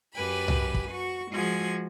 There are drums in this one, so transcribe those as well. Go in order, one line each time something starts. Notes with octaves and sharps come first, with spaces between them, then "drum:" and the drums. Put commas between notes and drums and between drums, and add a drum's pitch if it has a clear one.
F#2 G4 B4 G#5 B5
drum: tom C2
drum: kick
F#4 C#6
F3 G#3 F#4 G#4 G#6